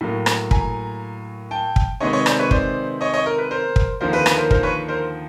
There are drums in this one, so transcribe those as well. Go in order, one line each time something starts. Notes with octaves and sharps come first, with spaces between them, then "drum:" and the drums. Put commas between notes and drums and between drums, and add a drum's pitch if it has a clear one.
A2 F#3 A#3
drum: rim click
G#5 A#5, drum: kick
G5 A5
drum: kick
C3 D#3 G#3 B3 C#5 D#5
C#5 D#5
C5 D5, drum: rim click
B4 C#5
C5 D5, drum: kick
C#5 D#5
C#5 D#5
A#4
B4
A#4 C5
drum: kick
D#2 D3 F3 A#3 A#4 C5
B4
B4, drum: rim click
A#4 C5
A#4 C5, drum: kick
B4 C#5
A#4 C5